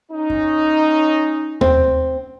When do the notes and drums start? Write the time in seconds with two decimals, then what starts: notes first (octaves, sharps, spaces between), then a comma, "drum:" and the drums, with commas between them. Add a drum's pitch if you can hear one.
0.11 C#4 D#4
0.30 drum: kick F#2
1.61 C4, drum: tom D#2